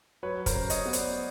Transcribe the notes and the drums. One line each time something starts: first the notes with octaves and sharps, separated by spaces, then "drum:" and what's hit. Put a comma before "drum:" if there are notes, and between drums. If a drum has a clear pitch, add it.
F#3 B4 C#5
A#4 C5, drum: kick, hi-hat
C#3
C#5 D#5, drum: hi-hat
B3
C5 D5, drum: hi-hat